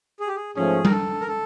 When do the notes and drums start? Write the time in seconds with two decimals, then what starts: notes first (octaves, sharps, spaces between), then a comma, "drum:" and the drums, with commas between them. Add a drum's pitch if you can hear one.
0.20 G#4
0.28 G4
0.36 G#4
0.55 G#2 F3 A3 C#4 G#4
0.85 A#4, drum: tom G3
0.91 A4
1.20 A#4
1.28 A4